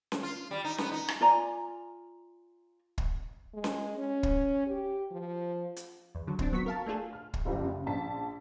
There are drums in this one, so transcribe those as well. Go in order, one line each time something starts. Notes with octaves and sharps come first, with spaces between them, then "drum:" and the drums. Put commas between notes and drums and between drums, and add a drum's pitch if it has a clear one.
drum: snare C#4
F4
G3
D#4
B3, drum: snare C#4
D#4
drum: rim click
F4 D5 G#5 A#5
drum: kick
G#3
drum: snare C#4
C#4
drum: kick
G4
F3
drum: hi-hat
E2
D3 F#3
F3 C4 D4, drum: kick
F#3 B3 F#4 C#6 B6
A#4 F5 A5
A3 A#3 D4 F4 G#4 A4
F6
drum: kick
F#1 C2 F3 G4
C#3
A#1 A5 B6